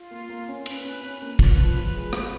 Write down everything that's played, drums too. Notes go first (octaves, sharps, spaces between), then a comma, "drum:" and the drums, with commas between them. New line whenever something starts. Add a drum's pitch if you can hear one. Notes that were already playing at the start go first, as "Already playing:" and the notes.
Already playing: F4
A#3
A#3
C#4
C#4 B4, drum: cymbal
C#4
C#4
A#3
F4 B4, drum: kick, cymbal
F3
F4
G#3
F4, drum: rim click